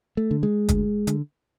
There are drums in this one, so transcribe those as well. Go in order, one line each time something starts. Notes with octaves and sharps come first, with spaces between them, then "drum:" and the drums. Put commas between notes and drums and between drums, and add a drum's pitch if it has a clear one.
A3
D3
G#3
D2, drum: kick, hi-hat
D3, drum: hi-hat